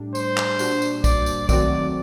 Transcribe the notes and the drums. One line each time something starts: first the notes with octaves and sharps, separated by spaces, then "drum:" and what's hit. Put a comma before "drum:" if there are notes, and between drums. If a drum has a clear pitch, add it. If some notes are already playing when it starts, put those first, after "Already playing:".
Already playing: A2 G3 D4
C5, drum: tambourine
drum: clap
A#2 G3 D4 F#4, drum: tambourine
drum: tambourine
D5, drum: kick, tambourine
drum: tambourine
D#3 F#3 A3 C4 F#4 D5, drum: kick, tambourine